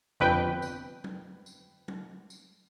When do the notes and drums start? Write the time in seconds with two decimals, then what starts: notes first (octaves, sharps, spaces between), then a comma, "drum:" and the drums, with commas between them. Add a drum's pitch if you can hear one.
0.20 G1 F2 B4 G5, drum: tom C3
0.62 drum: tambourine
1.04 drum: tom
1.46 drum: tambourine
1.88 drum: tom
2.30 drum: tambourine